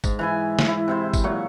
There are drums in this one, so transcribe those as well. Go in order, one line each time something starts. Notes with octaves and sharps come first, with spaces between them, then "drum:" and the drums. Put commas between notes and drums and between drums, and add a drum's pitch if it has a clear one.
G#2, drum: kick, tambourine
E3 E4 G#5
drum: snare
E4
C3 E4 C5
drum: kick, tambourine
A#2 F#3 E4 C#6